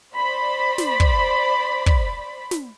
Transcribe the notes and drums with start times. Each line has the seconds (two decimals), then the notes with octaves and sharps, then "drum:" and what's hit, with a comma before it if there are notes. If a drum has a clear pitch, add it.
0.13 C5 D5 B5
0.78 drum: snare
1.00 drum: kick
1.86 drum: kick
2.51 drum: snare